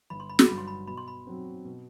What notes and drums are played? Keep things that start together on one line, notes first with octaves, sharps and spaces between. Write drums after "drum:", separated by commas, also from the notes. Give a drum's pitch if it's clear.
G1 B5
C6
B5
C6, drum: snare
G2 F#3 B5
C6
B5
B2 B5
C6
B5
F#3 C4
B2